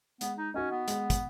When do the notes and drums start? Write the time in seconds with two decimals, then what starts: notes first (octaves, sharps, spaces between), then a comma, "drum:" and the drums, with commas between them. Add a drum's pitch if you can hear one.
0.21 G#3 B3, drum: hi-hat
0.38 D#4
0.54 C#4 D#4 F#4 D#5
0.71 B3
0.88 G#3, drum: hi-hat
1.10 drum: kick, hi-hat